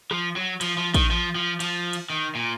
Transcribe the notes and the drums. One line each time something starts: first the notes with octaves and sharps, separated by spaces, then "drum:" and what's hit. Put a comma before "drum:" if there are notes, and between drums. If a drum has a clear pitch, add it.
F3, drum: rim click
F#3
F3, drum: cymbal
F3
D#3, drum: kick A1, cymbal
F3
F3
F3, drum: cymbal
drum: cymbal
D#3
A#2